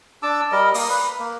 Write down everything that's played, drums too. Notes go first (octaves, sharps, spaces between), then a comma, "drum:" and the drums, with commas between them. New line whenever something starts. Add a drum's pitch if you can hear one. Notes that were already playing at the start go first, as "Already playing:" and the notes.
D4 A5 D6 E6
G3 A#4 D#5
A#3 D#6, drum: open hi-hat
B4
A#3